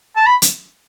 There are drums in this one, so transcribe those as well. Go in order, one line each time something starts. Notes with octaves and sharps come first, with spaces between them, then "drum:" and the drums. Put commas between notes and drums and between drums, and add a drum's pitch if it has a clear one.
A5
B5
drum: hi-hat